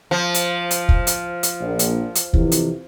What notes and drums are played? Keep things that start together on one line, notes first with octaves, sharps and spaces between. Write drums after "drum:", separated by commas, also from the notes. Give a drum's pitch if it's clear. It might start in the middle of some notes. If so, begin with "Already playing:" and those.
F3
drum: hi-hat
drum: hi-hat
drum: kick
drum: hi-hat
drum: hi-hat
A#1
drum: hi-hat
drum: hi-hat
F2 C3 E3, drum: kick
drum: hi-hat